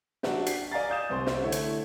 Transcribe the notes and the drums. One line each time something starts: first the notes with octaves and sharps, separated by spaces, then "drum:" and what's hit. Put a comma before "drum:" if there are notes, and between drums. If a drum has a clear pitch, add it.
F#3 D4 F#4 G4, drum: snare
B6 C7, drum: hi-hat
D5 D#5 F5 G#5 A#5 A6
D#6 G6 A6 E7
C2 C4 C5 C6
drum: snare
D3 A3 E4 C#5
drum: hi-hat